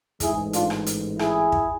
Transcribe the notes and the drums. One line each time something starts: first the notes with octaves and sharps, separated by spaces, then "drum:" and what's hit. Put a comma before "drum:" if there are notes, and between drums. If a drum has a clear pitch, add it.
A1 G#2 G#3 E4 G#4, drum: kick, hi-hat
D4 F4, drum: hi-hat
drum: rim click
drum: hi-hat
E4 G#4, drum: rim click
drum: kick